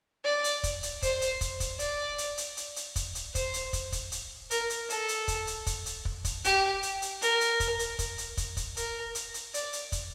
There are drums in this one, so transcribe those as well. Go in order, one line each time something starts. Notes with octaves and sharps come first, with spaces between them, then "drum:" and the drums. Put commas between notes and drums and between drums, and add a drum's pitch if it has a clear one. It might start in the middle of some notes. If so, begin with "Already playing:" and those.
D5
drum: hi-hat
drum: kick, hi-hat
drum: hi-hat
C5, drum: kick, hi-hat
drum: hi-hat
drum: kick, hi-hat
drum: kick, hi-hat
D5, drum: hi-hat
drum: hi-hat
drum: hi-hat
drum: hi-hat
drum: hi-hat
drum: kick, hi-hat
drum: hi-hat
C5, drum: kick, hi-hat
drum: hi-hat
drum: kick, hi-hat
drum: kick, hi-hat
drum: hi-hat
A#4, drum: hi-hat
drum: hi-hat
A4, drum: hi-hat
drum: hi-hat
drum: kick, hi-hat
drum: hi-hat
drum: kick, hi-hat
drum: hi-hat
drum: kick
drum: kick, hi-hat
G4, drum: hi-hat
drum: hi-hat
drum: hi-hat
A#4, drum: hi-hat
drum: hi-hat
drum: kick, hi-hat
drum: hi-hat
drum: kick, hi-hat
drum: hi-hat
drum: kick, hi-hat
drum: kick, hi-hat
A#4, drum: hi-hat
drum: hi-hat
drum: hi-hat
D5, drum: hi-hat
drum: hi-hat
drum: kick, hi-hat